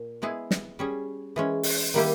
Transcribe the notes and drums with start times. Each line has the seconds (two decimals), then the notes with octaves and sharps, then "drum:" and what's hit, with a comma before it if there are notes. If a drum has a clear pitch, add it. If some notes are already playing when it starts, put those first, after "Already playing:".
Already playing: A#2
0.22 G#3 B3 E4 G#4
0.51 drum: snare
0.79 G3 C#4 G#4
1.36 E3 G#3 C#4
1.63 drum: open hi-hat
1.94 D#3 G3 A#3 E4 G4